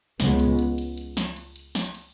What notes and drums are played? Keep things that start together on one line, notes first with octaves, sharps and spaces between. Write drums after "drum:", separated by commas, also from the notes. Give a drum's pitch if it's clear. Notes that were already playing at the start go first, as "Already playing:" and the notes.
C#2 C#3 G#3 B3, drum: snare
drum: cymbal
drum: cymbal
drum: cymbal
drum: cymbal
drum: snare
drum: cymbal
drum: cymbal
drum: snare
drum: cymbal